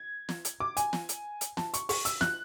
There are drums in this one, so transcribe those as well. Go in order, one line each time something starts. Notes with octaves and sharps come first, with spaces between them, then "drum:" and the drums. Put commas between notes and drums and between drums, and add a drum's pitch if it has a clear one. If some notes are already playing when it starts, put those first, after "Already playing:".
Already playing: G#6
drum: snare
drum: hi-hat
D6
G#5, drum: hi-hat
drum: snare
drum: hi-hat
drum: hi-hat
A5, drum: snare
C#6, drum: hi-hat
C#6, drum: open hi-hat
E6, drum: hi-hat
F#6, drum: snare